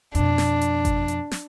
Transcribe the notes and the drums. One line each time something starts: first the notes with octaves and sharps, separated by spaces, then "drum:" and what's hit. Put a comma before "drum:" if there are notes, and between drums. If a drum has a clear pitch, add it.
F2 B2 D4, drum: hi-hat
drum: snare
drum: hi-hat
drum: kick G1, hi-hat
drum: hi-hat
drum: snare